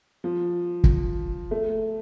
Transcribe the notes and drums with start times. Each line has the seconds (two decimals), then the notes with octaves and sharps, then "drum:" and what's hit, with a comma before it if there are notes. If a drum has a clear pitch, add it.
0.24 F3
0.84 drum: kick
1.51 A3